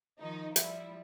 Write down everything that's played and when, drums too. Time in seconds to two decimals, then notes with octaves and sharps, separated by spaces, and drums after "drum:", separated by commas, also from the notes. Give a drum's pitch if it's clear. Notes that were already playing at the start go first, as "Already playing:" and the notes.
0.20 D#3 F3 D#4
0.56 F3 G3 E4, drum: hi-hat